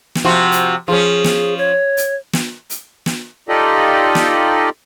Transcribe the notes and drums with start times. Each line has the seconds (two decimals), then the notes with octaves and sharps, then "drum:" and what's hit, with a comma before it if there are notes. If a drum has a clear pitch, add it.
0.15 drum: snare
0.25 C3 F3 F#4
0.52 drum: hi-hat
0.88 F3 C#4 G#4
1.24 drum: snare
1.58 C#5
1.97 drum: hi-hat
2.33 drum: snare
2.70 drum: hi-hat
3.06 drum: snare
3.49 D#4 F4 G4 A4 D5 D#5
4.15 drum: snare